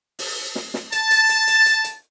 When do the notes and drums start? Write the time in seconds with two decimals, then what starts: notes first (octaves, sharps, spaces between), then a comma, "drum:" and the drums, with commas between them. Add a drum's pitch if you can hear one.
0.19 drum: open hi-hat
0.56 drum: snare
0.74 drum: snare
0.92 A5, drum: hi-hat
1.11 drum: hi-hat
1.29 drum: hi-hat
1.48 drum: hi-hat
1.66 drum: hi-hat
1.84 drum: hi-hat